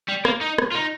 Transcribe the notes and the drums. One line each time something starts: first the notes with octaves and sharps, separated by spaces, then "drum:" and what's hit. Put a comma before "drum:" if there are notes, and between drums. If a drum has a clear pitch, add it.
G3
A#3, drum: rim click
D#4
drum: rim click
F4
D#4